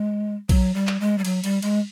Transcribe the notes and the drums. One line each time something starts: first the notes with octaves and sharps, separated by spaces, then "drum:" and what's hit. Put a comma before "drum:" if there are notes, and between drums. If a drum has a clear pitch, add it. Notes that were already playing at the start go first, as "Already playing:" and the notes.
Already playing: G#3
F#3, drum: kick A#1, cymbal
G3
drum: clap
G#3
G3
F#3, drum: cymbal
G3, drum: cymbal
G#3, drum: cymbal